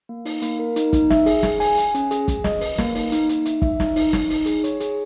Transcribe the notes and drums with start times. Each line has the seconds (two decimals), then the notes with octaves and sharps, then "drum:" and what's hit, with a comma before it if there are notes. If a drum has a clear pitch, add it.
0.09 A#3
0.25 D#4, drum: open hi-hat
0.42 A#3, drum: hi-hat
0.59 A#4
0.76 D#4, drum: hi-hat
0.93 D#4, drum: kick, hi-hat
1.10 E5, drum: snare
1.26 G#4, drum: open hi-hat
1.43 G#4, drum: snare
1.60 G#5, drum: open hi-hat
1.78 G#5, drum: hi-hat
1.95 C#4, drum: hi-hat
2.11 G#4, drum: hi-hat
2.28 G#4, drum: kick, hi-hat
2.44 D#5, drum: snare
2.61 B4, drum: open hi-hat
2.78 A#3, drum: snare
2.95 D#4, drum: open hi-hat
3.12 D#4, drum: hi-hat
3.29 D#4, drum: hi-hat
3.45 E5, drum: hi-hat
3.62 E5, drum: kick
3.80 D#4, drum: snare
3.96 D#4, drum: open hi-hat
4.13 D#4, drum: snare
4.30 D#4, drum: open hi-hat
4.46 G#4, drum: hi-hat
4.64 C#5, drum: hi-hat
4.80 G#4, drum: hi-hat